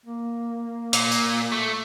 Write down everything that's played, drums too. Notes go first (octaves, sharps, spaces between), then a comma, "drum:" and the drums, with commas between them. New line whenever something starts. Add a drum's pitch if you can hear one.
A#3
A#2, drum: hi-hat
drum: tambourine
A3